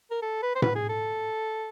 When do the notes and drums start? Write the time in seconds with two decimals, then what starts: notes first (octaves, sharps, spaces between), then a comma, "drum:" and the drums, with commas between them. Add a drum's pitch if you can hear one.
0.11 A#4
0.22 A4
0.43 B4
0.55 C5
0.62 B4, drum: tom A2
0.76 G#4
0.89 A4